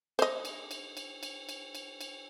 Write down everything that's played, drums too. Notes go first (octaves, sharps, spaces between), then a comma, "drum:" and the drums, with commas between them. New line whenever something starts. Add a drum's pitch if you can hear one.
C5 D#5, drum: cymbal
drum: cymbal
drum: cymbal
drum: cymbal
drum: cymbal
drum: cymbal
drum: cymbal
drum: cymbal